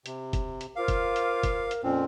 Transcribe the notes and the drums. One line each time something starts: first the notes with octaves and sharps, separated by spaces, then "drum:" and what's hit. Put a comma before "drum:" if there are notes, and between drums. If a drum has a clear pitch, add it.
C3, drum: hi-hat
drum: kick F1, hi-hat
drum: hi-hat
F4 A#4 C5 F5 D6
drum: kick F1, hi-hat
drum: hi-hat
drum: kick F1, hi-hat
drum: hi-hat
F2 A#2 C4 C#4